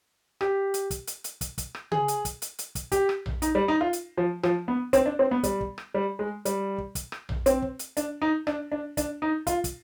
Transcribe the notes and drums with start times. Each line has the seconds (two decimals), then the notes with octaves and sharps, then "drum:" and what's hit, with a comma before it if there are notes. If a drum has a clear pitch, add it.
0.41 G4, drum: rim click
0.74 drum: hi-hat
0.91 drum: kick, hi-hat
1.07 drum: hi-hat
1.24 drum: hi-hat
1.41 drum: kick, hi-hat
1.58 drum: kick, hi-hat
1.75 drum: rim click
1.92 G#4, drum: tom C#3
2.08 drum: hi-hat
2.25 drum: kick, hi-hat
2.42 drum: hi-hat
2.59 drum: hi-hat
2.75 drum: kick, hi-hat
2.92 G4, drum: kick, hi-hat
3.09 drum: rim click
3.26 drum: tom A#1
3.42 D#4, drum: hi-hat
3.55 G3
3.68 D#4
3.81 F4
3.93 drum: hi-hat
4.18 F3
4.43 F3, drum: rim click
4.68 B3
4.93 C4, drum: kick, hi-hat
5.06 D4
5.19 C4
5.31 B3
5.43 G3, drum: kick, hi-hat
5.61 drum: kick
5.78 drum: rim click
5.94 G3
6.19 G#3
6.45 G3, drum: hi-hat
6.78 drum: kick
6.95 drum: kick, hi-hat
7.12 drum: rim click
7.29 drum: tom A#1
7.46 C4, drum: hi-hat
7.62 drum: kick
7.79 drum: hi-hat
7.97 D4, drum: hi-hat
8.22 D#4
8.47 D4, drum: rim click
8.72 D4
8.97 D4, drum: kick, hi-hat
9.22 D#4
9.47 F4, drum: kick, hi-hat
9.64 drum: kick, hi-hat